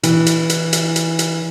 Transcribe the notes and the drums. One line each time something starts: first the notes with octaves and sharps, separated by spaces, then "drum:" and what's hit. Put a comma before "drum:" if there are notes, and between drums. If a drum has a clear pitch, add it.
E3, drum: hi-hat
drum: hi-hat
drum: hi-hat
drum: hi-hat
drum: hi-hat
drum: hi-hat